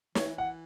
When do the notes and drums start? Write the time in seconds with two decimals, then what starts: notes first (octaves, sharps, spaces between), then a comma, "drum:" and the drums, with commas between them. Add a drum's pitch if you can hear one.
0.15 E3 C#5, drum: snare
0.38 F#5